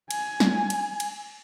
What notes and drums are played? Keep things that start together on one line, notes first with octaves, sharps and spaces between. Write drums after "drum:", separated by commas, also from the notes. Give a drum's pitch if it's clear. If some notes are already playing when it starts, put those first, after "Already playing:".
G#5, drum: cymbal
drum: snare
drum: cymbal
drum: cymbal